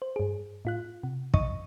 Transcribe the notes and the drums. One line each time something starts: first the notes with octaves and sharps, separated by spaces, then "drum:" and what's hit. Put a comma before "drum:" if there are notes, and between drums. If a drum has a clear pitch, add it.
C5
G2 G#4
A2 F4 F#6
C3
A1 D#5 C#6 D#7, drum: kick